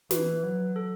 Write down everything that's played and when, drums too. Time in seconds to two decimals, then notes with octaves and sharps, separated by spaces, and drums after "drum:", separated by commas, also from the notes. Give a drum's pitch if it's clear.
0.11 E3 B4, drum: snare
0.43 F#3
0.76 A4